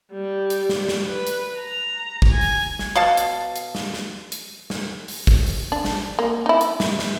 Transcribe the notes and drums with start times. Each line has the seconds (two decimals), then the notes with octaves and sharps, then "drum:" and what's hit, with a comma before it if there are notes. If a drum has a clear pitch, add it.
0.12 G3
0.50 drum: hi-hat
0.69 drum: snare
0.88 drum: snare
1.08 B4
1.27 drum: hi-hat
1.59 A#5
2.22 drum: kick
2.32 G#5
2.41 drum: open hi-hat
2.79 drum: snare
2.95 B2 F5 A5
3.17 drum: hi-hat
3.56 drum: hi-hat
3.75 drum: snare
3.94 drum: snare
4.32 drum: hi-hat
4.70 drum: snare
5.08 drum: open hi-hat
5.27 drum: kick
5.46 drum: open hi-hat
5.72 D4
5.85 drum: snare
6.19 A#3
6.46 D#4 E4
6.61 drum: hi-hat
6.80 drum: snare
6.99 drum: snare